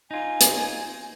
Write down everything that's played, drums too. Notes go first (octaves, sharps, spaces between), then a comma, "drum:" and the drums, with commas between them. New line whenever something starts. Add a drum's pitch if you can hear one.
D#4 F4 G#5
drum: hi-hat